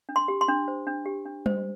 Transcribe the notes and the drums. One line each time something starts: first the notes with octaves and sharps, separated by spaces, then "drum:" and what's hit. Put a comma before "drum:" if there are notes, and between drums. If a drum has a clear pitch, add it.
D4
C6
G4
C6
D4
C5
D4
G4
D4
C5, drum: tom G3